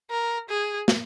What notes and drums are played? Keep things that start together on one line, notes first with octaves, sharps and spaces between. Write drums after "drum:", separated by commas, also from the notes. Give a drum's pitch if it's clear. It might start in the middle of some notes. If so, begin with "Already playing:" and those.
A#4
G#4
drum: snare